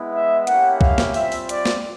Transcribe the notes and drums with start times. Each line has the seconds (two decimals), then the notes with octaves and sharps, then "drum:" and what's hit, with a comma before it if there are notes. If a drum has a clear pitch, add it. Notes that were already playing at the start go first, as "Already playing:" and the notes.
Already playing: G#3 B3 E4
0.14 E5
0.47 A#3 C#4 E4 G4 F#5, drum: hi-hat
0.81 F5, drum: kick B1
0.98 drum: snare
1.14 G3 C4 F4 E5, drum: open hi-hat
1.32 drum: open hi-hat
1.49 D5, drum: hi-hat
1.65 drum: snare